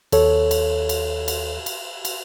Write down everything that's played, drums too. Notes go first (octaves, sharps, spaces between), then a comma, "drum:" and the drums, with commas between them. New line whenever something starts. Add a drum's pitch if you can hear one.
D#2 A4 C#5, drum: cymbal
drum: cymbal
drum: cymbal
drum: cymbal
drum: cymbal
drum: cymbal